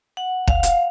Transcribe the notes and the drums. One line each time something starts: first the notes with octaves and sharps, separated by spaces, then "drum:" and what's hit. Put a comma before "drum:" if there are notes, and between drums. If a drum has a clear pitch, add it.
F#5
F5, drum: kick
drum: hi-hat